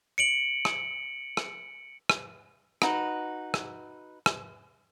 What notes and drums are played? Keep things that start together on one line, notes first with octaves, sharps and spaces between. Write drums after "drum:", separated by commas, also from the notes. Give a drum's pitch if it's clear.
C#7 D7 F#7
drum: rim click
drum: rim click
drum: rim click
D#4 F#4 B4, drum: rim click
drum: rim click
drum: rim click